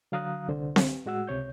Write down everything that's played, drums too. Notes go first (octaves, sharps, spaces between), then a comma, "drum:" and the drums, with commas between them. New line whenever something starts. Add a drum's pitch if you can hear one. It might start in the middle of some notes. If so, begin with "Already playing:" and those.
D3 F#3 F5 A#5 D#6 F#6
C2 D3 C5
drum: snare C4
A2 G#3 F#4 F#5 E6
C#2 C3 C#5 G6